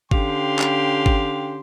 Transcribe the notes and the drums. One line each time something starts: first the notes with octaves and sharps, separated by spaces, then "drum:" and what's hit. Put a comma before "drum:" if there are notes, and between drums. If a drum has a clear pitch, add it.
D3 C#4 G4 F5 G5 C6, drum: kick G#1
drum: clap
drum: kick G#1